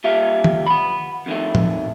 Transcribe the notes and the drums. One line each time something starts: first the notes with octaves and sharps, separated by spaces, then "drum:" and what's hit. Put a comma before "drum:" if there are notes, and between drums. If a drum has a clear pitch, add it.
A#2 G3 E5 F5
drum: tom D#3
F#5 B5
F2 D#3 A3
drum: tom A2